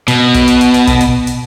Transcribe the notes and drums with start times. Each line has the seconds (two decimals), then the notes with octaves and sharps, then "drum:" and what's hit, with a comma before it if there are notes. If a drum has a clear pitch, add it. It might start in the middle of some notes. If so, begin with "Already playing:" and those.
0.08 B2, drum: hi-hat
0.34 drum: kick, hi-hat
0.48 drum: hi-hat
0.61 drum: hi-hat
0.74 drum: hi-hat
0.87 drum: kick, hi-hat
1.01 drum: hi-hat
1.27 drum: hi-hat